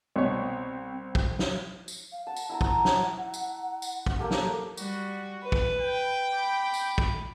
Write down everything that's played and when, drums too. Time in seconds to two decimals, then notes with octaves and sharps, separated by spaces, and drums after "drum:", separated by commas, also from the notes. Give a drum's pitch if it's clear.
0.16 C2 B2 C4 C#5
1.15 drum: kick
1.39 drum: snare
1.88 drum: tambourine
2.12 F5
2.27 F#5 A5
2.36 drum: tambourine
2.49 E4 F#5 A5 A#5
2.61 drum: kick
2.85 drum: snare
3.34 drum: tambourine
3.82 drum: tambourine
4.06 drum: kick
4.19 A#3 G4 A4
4.31 drum: snare
4.77 G3 F#4, drum: tambourine
5.42 B4
5.52 drum: kick
5.81 G5
6.33 B5 D6
6.74 drum: tambourine
6.98 drum: kick